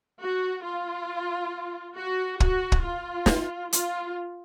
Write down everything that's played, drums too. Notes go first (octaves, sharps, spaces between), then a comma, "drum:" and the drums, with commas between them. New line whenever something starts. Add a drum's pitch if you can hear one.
F#4
F4
F#4
F#4, drum: kick
drum: kick
F4
drum: snare
F4, drum: hi-hat